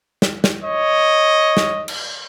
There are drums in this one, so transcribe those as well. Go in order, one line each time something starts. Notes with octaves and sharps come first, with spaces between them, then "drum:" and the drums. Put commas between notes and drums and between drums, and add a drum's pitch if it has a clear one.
drum: snare
drum: snare
C#5 D#5
drum: snare
drum: cymbal